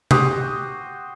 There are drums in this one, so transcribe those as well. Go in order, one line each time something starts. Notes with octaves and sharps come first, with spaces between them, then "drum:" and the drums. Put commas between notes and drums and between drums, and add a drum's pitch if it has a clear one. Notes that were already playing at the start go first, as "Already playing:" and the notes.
F#4 G4 C5 D#6, drum: tom C3